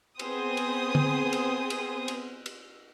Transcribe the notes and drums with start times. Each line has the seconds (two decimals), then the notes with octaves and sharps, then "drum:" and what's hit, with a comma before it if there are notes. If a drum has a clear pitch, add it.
0.19 B3 C4 G#4 C5 D#6, drum: cymbal
0.57 drum: cymbal
0.95 drum: tom
1.33 drum: cymbal
1.70 drum: cymbal
2.08 drum: cymbal
2.46 drum: cymbal